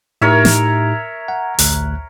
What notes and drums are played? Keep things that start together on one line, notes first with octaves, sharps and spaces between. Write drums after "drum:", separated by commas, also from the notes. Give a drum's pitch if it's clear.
A2 D#4 G4 A#4 C#5 E5
drum: snare
F#5
A1 D2 F#6, drum: open hi-hat